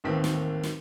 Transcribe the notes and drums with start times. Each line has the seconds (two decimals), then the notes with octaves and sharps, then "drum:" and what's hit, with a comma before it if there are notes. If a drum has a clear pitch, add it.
0.04 G#1 D#2 A2 E3 C4 B6
0.24 drum: snare
0.63 drum: snare